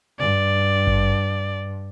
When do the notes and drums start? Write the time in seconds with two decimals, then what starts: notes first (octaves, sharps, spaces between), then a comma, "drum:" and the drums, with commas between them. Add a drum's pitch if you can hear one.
0.20 G2 D5
0.87 drum: kick G#1